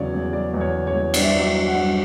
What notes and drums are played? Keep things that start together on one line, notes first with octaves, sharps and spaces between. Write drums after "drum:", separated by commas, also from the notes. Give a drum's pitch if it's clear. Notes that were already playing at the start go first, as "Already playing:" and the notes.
Already playing: E2 C#3 F#3 C#5 D5
E2
F#3 D5
E2
C#5
C#3
C#5
E2
G2 D5, drum: cymbal
E5
F#3 D5
E5
F#3
F#5
G2